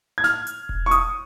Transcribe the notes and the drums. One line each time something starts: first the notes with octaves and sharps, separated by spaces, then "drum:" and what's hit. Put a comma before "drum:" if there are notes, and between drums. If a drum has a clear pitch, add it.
G#6
F6, drum: snare
drum: hi-hat
drum: kick E1
C#6
D#6, drum: hi-hat